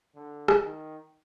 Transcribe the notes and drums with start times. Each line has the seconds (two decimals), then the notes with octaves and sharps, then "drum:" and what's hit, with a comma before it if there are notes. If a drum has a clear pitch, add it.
0.15 D3
0.48 drum: rim click
0.63 D#3